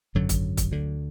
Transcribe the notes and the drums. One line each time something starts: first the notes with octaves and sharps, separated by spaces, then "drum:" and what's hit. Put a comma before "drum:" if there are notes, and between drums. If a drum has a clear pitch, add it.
G#1 F#2 D3 F#3
drum: kick, hi-hat
drum: kick, hi-hat
D2 D3